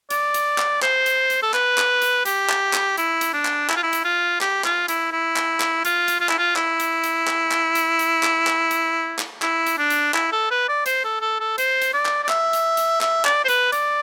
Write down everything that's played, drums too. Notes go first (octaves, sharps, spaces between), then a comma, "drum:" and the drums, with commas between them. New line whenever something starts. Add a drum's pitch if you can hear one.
D5, drum: hi-hat
drum: hi-hat
drum: clap
C5, drum: clap
drum: hi-hat
drum: hi-hat
A4
B4, drum: clap
drum: clap
drum: hi-hat
G4, drum: hi-hat
drum: clap
drum: clap
E4, drum: hi-hat
drum: hi-hat
D4
drum: clap
E4, drum: clap
F4
E4
drum: hi-hat
F4
G4, drum: clap
F4, drum: clap
E4, drum: hi-hat
E4
drum: clap
drum: clap
F4, drum: hi-hat
drum: hi-hat
F4
E4, drum: clap
F4
E4, drum: clap
drum: hi-hat
drum: hi-hat
drum: clap
drum: clap
drum: hi-hat
drum: hi-hat
drum: clap
drum: clap
drum: hi-hat
drum: clap
E4, drum: clap
drum: hi-hat
D4
drum: hi-hat
E4, drum: clap
A4
B4
D5
C5, drum: hi-hat
A4
A4
A4
C5, drum: hi-hat
drum: hi-hat
D5
drum: clap
D5
E5, drum: clap
drum: hi-hat
drum: hi-hat
E5, drum: clap
D5, drum: clap
C5
B4, drum: hi-hat
D5, drum: hi-hat